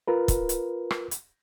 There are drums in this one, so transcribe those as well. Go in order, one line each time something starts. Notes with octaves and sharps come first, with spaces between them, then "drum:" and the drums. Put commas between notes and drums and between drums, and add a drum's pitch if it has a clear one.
F4 A#4 B4
drum: kick, hi-hat
drum: hi-hat
drum: rim click
drum: hi-hat